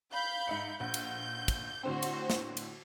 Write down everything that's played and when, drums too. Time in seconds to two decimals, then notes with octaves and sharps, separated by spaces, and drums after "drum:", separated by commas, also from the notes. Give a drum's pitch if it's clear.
0.12 F5 B5 G6
0.48 G#2 E5 C#7
0.80 A#1 F#5 G6
0.94 drum: cymbal
1.48 drum: kick, cymbal
1.83 A2 D3 C4 F#4 C5
2.02 drum: cymbal
2.30 drum: snare
2.57 drum: cymbal